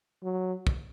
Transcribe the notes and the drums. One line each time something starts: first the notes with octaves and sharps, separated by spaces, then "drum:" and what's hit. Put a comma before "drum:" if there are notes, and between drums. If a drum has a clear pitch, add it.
F#3
drum: kick